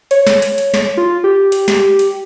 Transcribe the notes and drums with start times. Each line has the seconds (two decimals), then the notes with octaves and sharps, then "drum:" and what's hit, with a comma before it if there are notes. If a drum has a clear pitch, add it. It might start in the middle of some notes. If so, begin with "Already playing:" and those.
0.11 C#5, drum: hi-hat
0.27 drum: snare
0.42 drum: hi-hat
0.58 drum: hi-hat
0.74 drum: snare
0.97 F4
1.24 G4
1.52 drum: hi-hat
1.68 drum: snare
1.99 drum: hi-hat